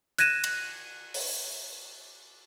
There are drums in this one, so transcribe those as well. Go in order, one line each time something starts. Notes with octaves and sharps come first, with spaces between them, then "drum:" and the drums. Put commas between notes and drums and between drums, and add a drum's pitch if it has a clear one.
F#6 G#6 A#6 D#7 E7, drum: hi-hat
drum: cymbal
drum: open hi-hat